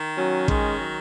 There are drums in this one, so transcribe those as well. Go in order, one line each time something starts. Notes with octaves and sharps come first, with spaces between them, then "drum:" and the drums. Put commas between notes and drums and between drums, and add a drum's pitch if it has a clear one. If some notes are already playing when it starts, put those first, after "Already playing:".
Already playing: D#3
F#3 C#4
D#3 G#3, drum: kick
F#3